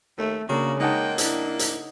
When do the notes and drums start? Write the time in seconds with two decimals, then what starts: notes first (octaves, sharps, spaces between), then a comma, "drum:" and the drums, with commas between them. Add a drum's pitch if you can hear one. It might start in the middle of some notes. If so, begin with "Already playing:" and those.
0.18 D#2 A3
0.49 C#3 A#3 D4 F#4
0.80 G#3 A#3 D#4 F#5 G5 A5
1.18 D4 E4, drum: hi-hat
1.59 drum: hi-hat